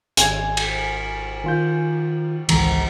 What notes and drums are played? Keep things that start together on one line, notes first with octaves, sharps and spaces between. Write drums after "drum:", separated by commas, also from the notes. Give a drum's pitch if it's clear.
G#1 G#5 G#6, drum: hi-hat
drum: cymbal
D#3 F4 G6
G#1 C#2 E3 A#5, drum: cymbal